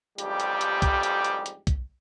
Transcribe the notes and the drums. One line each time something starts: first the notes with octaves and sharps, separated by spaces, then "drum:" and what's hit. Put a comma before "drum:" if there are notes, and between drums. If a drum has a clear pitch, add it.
A1 F2 G#2 G3 G4, drum: hi-hat
drum: hi-hat
drum: hi-hat
drum: kick, hi-hat
drum: hi-hat
drum: hi-hat
drum: hi-hat
drum: kick, hi-hat